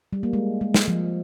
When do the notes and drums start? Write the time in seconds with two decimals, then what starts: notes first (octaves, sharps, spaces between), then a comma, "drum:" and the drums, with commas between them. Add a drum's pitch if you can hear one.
0.13 G3
0.23 A#3
0.33 G#3
0.61 G#3
0.74 drum: snare
0.88 F3